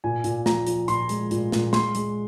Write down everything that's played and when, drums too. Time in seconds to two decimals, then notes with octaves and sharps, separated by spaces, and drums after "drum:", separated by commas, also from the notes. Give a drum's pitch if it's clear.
0.04 A#2 G#5
0.24 A#2, drum: hi-hat
0.46 F3 A#5, drum: snare
0.67 F3, drum: hi-hat
0.88 A#2 C6, drum: hi-hat
1.09 G#3, drum: hi-hat
1.31 A#2, drum: hi-hat
1.52 A#2, drum: snare
1.73 G#3 C6, drum: snare
1.95 G#3, drum: hi-hat